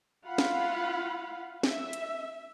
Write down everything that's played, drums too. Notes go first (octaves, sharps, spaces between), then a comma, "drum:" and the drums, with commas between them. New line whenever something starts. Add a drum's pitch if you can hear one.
E4 F4 F5 F#5 B5
drum: snare
E5, drum: snare
drum: hi-hat